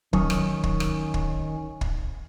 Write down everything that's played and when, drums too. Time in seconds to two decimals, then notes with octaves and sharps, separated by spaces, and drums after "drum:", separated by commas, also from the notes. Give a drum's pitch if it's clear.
0.13 D#3 F#3 C#4, drum: kick
0.30 drum: rim click
0.63 drum: kick
0.80 drum: rim click
1.14 drum: kick
1.81 drum: kick